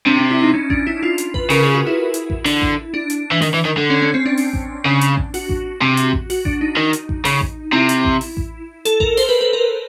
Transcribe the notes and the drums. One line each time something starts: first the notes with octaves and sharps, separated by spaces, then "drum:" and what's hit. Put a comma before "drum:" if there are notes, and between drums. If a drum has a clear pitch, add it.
C3 D4
D4
E4
D#4
C#4
D4, drum: kick A1
E4
F4
drum: hi-hat
B4, drum: kick A1
C#3 A#4, drum: open hi-hat
G#4
F#4
E4
drum: hi-hat
drum: kick A1
D3, drum: open hi-hat
drum: kick A1
D4
drum: hi-hat
E3
D#3, drum: open hi-hat
E3
D#3
D3
C#4
C#4
C4
D4
drum: open hi-hat
drum: kick A1
C#3
drum: hi-hat
drum: kick A1
F#4, drum: open hi-hat
drum: kick A1
C3
drum: hi-hat
drum: kick A1
F#4, drum: open hi-hat
D4, drum: kick A1
D#4
D#3
drum: hi-hat
drum: kick A1
C#3, drum: open hi-hat
drum: kick A1
C3 E4
drum: hi-hat
drum: kick A1
drum: open hi-hat
drum: kick A1
A4, drum: hi-hat
A#4, drum: kick A1
C5, drum: open hi-hat
B4
B4
A#4